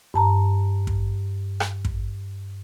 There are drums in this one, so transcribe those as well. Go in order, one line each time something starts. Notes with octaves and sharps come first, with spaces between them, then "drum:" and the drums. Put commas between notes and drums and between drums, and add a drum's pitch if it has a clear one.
G2 A5 A#5
drum: kick
drum: rim click
drum: kick